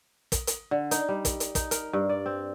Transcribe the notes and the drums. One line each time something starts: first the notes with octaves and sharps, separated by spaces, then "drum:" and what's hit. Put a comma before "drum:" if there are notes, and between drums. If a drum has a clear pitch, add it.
drum: kick, hi-hat
drum: hi-hat
D3
D#4, drum: hi-hat
G3
drum: kick, hi-hat
drum: hi-hat
D#4, drum: kick, hi-hat
A#4, drum: hi-hat
G2
D5
C4